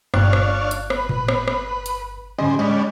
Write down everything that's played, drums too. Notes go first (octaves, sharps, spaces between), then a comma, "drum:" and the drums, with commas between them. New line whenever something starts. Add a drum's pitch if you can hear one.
G1 G2 A#2 D4 C#5 F5 F#6, drum: rim click
drum: rim click
drum: hi-hat
B4, drum: rim click
drum: tom A2
drum: rim click
drum: rim click
drum: hi-hat
A2 D3 G3 C#4 G#4 C5 D#5
G3 G#3 C#4 D4 D#5 B6